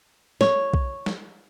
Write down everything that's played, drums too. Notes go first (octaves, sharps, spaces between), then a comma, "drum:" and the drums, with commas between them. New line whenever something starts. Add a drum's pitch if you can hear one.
C#5, drum: snare
drum: kick B1
drum: snare